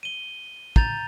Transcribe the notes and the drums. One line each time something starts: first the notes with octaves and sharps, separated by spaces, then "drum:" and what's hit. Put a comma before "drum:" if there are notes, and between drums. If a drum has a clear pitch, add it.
D#7 G7
A#5 G6 A6 F7, drum: kick